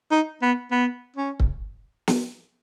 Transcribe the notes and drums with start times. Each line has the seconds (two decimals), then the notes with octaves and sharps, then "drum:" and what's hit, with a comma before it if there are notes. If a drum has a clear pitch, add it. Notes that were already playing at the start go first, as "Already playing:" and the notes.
0.11 D#4
0.42 B3
0.71 B3
1.17 C#4
1.40 drum: kick C#1
2.08 drum: snare